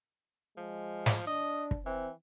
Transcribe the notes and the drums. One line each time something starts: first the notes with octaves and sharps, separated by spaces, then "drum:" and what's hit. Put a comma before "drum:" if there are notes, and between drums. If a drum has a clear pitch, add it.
F3 G#3
drum: snare
D4 D#5
drum: kick
E3 C4